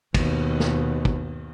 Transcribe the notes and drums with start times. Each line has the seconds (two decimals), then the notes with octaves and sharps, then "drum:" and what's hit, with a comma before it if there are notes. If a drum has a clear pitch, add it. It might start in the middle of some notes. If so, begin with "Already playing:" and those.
0.14 D#2 B2, drum: kick, cymbal
0.60 drum: snare
1.05 drum: kick